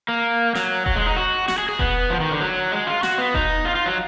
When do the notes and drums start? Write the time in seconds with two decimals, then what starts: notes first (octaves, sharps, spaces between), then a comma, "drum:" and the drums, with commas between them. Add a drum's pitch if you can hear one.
0.08 A#3
0.55 F#3, drum: snare
0.86 F#3, drum: kick E1
0.96 G#3
1.06 D#4
1.17 F#4
1.48 F#4, drum: snare
1.58 G#4
1.69 G#4
1.79 B3, drum: kick E1
2.10 F3
2.20 D#3
2.31 D3
2.40 F#3
2.72 G#3
2.87 F4
3.03 F#4, drum: snare
3.18 B3
3.34 D#4, drum: kick E1
3.65 F4
3.75 F4
3.86 F#3